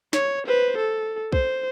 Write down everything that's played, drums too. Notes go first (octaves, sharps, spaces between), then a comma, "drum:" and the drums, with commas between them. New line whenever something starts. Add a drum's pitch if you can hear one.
C#5, drum: snare
B4 C5
A4
C5, drum: kick B1